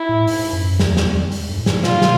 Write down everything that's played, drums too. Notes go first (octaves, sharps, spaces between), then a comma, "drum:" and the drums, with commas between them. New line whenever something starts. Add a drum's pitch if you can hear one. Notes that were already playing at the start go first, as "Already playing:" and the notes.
Already playing: E4
A2
G#2, drum: open hi-hat
F#2
E2, drum: snare
drum: snare
F2
drum: open hi-hat
G2
A2
G#2, drum: snare
B2 F4, drum: snare
drum: snare